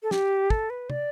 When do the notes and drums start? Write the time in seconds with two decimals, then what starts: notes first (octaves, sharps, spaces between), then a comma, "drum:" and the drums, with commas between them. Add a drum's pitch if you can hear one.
0.03 A4
0.11 G4, drum: snare
0.50 A4, drum: kick
0.70 B4
0.90 D5, drum: tom